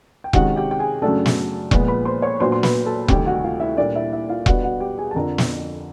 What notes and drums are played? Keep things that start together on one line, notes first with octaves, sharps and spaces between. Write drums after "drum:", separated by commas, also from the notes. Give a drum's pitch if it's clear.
G5
C3 D#3 G#3 C#4 F#4 F#5, drum: kick E1
G4 G5
G5
G#4 G#5
F#2 C#3 F#3 A3 D4 A4 A5
drum: snare
A#2 F3 G#3 B3, drum: kick E1
B4 B5
C5 C6
C#5 C#6
A#2 F#3 B3 D4 C5 C6
C6
B4 B5, drum: snare
A4 A5
D2 C3 D#3 G3 G4 G5, drum: kick E1
F#4 F#5
F4 F5
E4 E5
A#2 G3 A#3 D4 D5
E4 E5
E4 E5
F4 F5
B2 G3 B3 D4 F#4 F#5, drum: kick E1
F#4 F#5
G4 G5
G#4 G#5
A5
F2 D3 F3 A#4 A#5
drum: snare